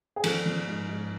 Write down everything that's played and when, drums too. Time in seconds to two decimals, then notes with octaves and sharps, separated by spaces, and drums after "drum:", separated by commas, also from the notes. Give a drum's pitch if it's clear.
0.16 G#4
0.24 F3 A4, drum: cymbal
0.46 F3
0.68 G#2
0.89 G#2